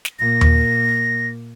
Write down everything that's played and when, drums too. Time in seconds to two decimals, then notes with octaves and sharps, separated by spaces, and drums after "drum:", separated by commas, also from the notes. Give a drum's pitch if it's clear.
0.05 drum: snare
0.19 A#2 A#3 A#6
0.41 drum: tom D#2